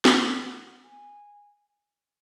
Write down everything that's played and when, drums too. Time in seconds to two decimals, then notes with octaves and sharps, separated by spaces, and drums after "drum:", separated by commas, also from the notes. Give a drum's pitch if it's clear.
0.05 C#5, drum: snare
0.44 F#5
0.84 G#5